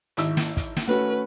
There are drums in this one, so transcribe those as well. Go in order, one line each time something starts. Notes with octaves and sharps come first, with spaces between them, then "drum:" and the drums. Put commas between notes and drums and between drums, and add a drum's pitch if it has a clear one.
G#1 E4 E6, drum: hi-hat
drum: snare
drum: kick, hi-hat
drum: snare
A3 C#4 F#4 B4